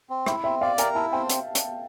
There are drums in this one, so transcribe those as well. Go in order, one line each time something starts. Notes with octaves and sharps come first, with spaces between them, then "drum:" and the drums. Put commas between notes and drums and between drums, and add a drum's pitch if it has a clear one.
C4
E4 E5, drum: rim click
C4 E5
D5 F5
A#4 G5, drum: hi-hat
E4 A5
C4 G5
drum: hi-hat
drum: hi-hat